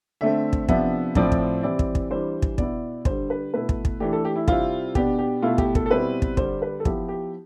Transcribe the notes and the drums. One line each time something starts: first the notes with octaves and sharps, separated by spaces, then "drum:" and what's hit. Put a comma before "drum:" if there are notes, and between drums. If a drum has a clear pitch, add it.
D3 A3 C4 E5
drum: kick
C3 F3 B3 D4 E5, drum: kick
A2 F3 C4 E4 D5, drum: kick
drum: kick
E3 G3 C4 E4 D5
drum: kick
drum: kick
E3 G3 D4 C5
drum: kick
B2 B3 E4 D5, drum: kick
D3 G3 D4 C5, drum: kick
B4
B2 A3 E4 B4
drum: kick
drum: kick
E3 A3 D4 G4
A4
G4
E4
C3 G3 C4 E4 F4, drum: kick
B2 B3 D4 G4, drum: kick
G4
B2 A3 E4 F4
G4, drum: kick
A4, drum: kick
A4
B2 G3 C4 E4 B4
drum: kick
D3 G3 D4 C5, drum: kick
B4
A4
F3 B3 E4 G4, drum: kick
G4